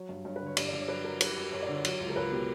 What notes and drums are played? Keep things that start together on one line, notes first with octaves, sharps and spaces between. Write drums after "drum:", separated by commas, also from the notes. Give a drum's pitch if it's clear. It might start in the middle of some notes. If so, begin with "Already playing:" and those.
Already playing: F#3 C#5
G2
G2 C#5
B4
D3
C#5
G2 D5, drum: cymbal
D5
G2 C#5
F#3 B4
F#3 A#4
G3 B4, drum: cymbal
F#2
F#2 C#5
D5
D3 C#5
F#3 C#5, drum: cymbal
C#2
A#4
C#2 B4
B2 G4